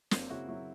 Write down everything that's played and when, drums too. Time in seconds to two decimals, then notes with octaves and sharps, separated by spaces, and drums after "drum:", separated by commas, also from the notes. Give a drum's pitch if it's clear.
0.11 F#2 A#3 C4, drum: snare
0.29 C#3 E4 F#4
0.48 F#3 E4 F#4